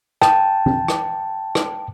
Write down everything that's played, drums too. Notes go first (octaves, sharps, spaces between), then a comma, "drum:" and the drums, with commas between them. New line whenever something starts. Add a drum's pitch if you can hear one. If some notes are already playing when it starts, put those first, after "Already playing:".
G5 A5, drum: rim click
drum: tom
drum: rim click
drum: rim click